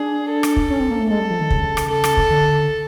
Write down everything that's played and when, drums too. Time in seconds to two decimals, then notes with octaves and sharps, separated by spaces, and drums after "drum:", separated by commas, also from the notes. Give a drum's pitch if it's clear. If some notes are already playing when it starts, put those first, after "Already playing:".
Already playing: D4 G#4
0.29 A4
0.43 drum: rim click
0.56 drum: kick
0.70 C#4
0.80 C4
0.91 A#3
1.00 A3
1.10 G#3 A4
1.20 G3
1.30 F3
1.40 D#3
1.50 C#3, drum: kick
1.77 drum: rim click
1.90 A4
2.04 drum: rim click
2.17 drum: kick
2.30 D3